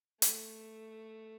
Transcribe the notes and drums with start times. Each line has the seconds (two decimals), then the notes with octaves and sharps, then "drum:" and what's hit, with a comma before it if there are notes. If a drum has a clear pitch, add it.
0.22 A3, drum: hi-hat